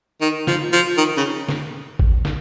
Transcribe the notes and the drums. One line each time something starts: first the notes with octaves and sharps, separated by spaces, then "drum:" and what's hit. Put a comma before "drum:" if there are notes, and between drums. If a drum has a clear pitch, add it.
D#3
F3, drum: snare
F3
D#3
C#3
drum: snare
drum: kick G#1
drum: snare